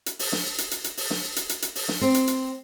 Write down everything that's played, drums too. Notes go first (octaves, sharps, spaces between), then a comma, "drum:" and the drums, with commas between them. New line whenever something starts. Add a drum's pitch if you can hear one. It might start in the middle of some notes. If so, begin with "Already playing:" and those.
drum: hi-hat
drum: open hi-hat
drum: snare
drum: hi-hat
drum: hi-hat
drum: hi-hat
drum: open hi-hat
drum: snare
drum: hi-hat
drum: hi-hat
drum: hi-hat
drum: open hi-hat
drum: snare
C4
drum: hi-hat
drum: hi-hat